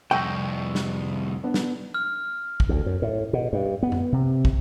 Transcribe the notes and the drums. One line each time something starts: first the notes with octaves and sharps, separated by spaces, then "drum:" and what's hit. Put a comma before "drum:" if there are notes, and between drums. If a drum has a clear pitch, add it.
C2 F2 G5 C#6 E6 A#6
drum: snare
B3 D4
drum: snare
F6
drum: kick
D2
F#2
A2
B2
G2
B3
drum: tom F#2
C3
drum: kick